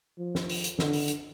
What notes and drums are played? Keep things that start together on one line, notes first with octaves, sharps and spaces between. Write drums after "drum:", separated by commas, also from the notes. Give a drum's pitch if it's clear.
F3
drum: snare
drum: open hi-hat
drum: hi-hat
D3, drum: snare
drum: open hi-hat
drum: hi-hat